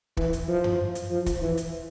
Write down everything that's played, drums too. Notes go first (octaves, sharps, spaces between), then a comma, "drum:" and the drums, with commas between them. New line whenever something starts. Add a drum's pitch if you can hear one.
E3, drum: kick
drum: hi-hat
F3
drum: tom F#2
drum: hi-hat
F3
drum: kick, hi-hat
E3
drum: hi-hat